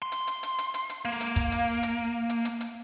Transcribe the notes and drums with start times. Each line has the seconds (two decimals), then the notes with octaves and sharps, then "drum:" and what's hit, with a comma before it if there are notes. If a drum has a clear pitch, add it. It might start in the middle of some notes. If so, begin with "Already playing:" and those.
0.02 C6
0.12 drum: hi-hat
0.27 drum: hi-hat
0.43 drum: hi-hat
0.58 drum: hi-hat
0.74 drum: hi-hat
0.90 drum: hi-hat
1.05 A#3
1.21 drum: hi-hat
1.36 drum: kick, hi-hat
1.52 drum: hi-hat
1.83 drum: hi-hat
2.29 drum: hi-hat
2.45 drum: hi-hat
2.61 drum: hi-hat